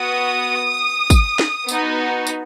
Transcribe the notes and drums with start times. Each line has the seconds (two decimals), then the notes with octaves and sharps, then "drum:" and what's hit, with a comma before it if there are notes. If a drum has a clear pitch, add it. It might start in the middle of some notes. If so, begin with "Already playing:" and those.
Already playing: B3 F#4 D#6
1.10 drum: kick, tambourine
1.39 drum: snare
1.68 B3 D#4 F#4, drum: tambourine
2.27 drum: tambourine